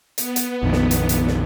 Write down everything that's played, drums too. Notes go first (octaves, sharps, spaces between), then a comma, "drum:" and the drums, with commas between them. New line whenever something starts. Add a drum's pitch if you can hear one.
B3, drum: hi-hat
drum: hi-hat
A#1 F2 D#3
drum: snare
drum: hi-hat
drum: hi-hat
drum: snare